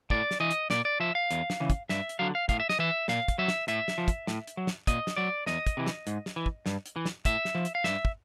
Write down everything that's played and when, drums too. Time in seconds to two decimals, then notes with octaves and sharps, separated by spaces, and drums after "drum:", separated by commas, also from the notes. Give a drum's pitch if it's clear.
0.10 A2 D5, drum: kick
0.31 drum: snare
0.40 E3 D#5
0.51 drum: hi-hat
0.70 A#2 D5, drum: snare
0.85 D5
1.00 F3 E5
1.15 F5
1.31 E2, drum: hi-hat
1.50 drum: snare
1.60 C#3 E3
1.70 drum: kick, hi-hat
1.89 G2 E5, drum: snare
2.09 drum: hi-hat
2.19 D3 F#3 F5
2.35 F5
2.49 A2 F5, drum: kick, hi-hat
2.60 E5
2.69 D#5, drum: snare
2.79 E3 E5
3.08 A#2 F5, drum: snare
3.28 drum: kick, hi-hat
3.38 F#3 E5
3.48 drum: snare
3.68 A2 E5, drum: hi-hat
3.88 drum: snare
3.98 F3
4.08 drum: kick, hi-hat
4.27 A2, drum: snare
4.47 drum: hi-hat
4.57 F#3
4.67 drum: snare
4.87 A#2 D#5, drum: kick, hi-hat
5.07 drum: snare
5.16 F#3 D5
5.47 E2 D#5, drum: snare
5.67 drum: kick, hi-hat
5.77 C3 E3
5.86 drum: snare
6.07 G#2, drum: hi-hat
6.26 drum: snare
6.36 E3
6.46 drum: kick
6.66 G2, drum: snare
6.86 drum: hi-hat
6.96 E3
7.05 drum: snare
7.25 A2 E5, drum: kick, hi-hat
7.45 drum: snare
7.55 F3
7.65 drum: hi-hat
7.75 F5
7.84 G2 E5, drum: snare
8.05 drum: kick